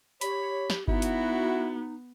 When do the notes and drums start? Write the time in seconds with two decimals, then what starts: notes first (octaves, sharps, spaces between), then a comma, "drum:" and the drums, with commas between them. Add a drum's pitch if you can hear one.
0.21 G4 C#5 B5, drum: hi-hat
0.70 drum: snare
0.88 B3 D#4 E4 F#4, drum: kick G1
1.02 drum: hi-hat